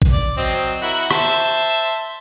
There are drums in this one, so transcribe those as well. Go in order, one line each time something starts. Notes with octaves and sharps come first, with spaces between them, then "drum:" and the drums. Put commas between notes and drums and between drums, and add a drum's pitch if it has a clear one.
drum: kick
D5
F#3 C4 D#5
E4 F#4 A#4
C5 E5 A5, drum: rim click